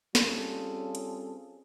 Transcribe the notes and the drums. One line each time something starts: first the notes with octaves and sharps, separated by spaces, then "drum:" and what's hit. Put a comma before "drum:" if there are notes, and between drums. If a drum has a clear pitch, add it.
G3 C4 C#4 F4 G#4 A4, drum: snare
drum: hi-hat